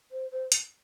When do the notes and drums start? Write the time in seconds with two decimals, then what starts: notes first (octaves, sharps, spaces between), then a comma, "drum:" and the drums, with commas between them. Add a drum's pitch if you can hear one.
0.11 C5
0.31 C5
0.52 drum: hi-hat